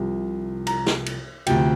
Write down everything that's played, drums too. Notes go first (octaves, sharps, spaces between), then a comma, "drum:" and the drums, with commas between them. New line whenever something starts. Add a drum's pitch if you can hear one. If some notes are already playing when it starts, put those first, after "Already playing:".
Already playing: C2 C3 F3
A#5, drum: cymbal
drum: snare
drum: cymbal
D2 C3 F3 G5, drum: cymbal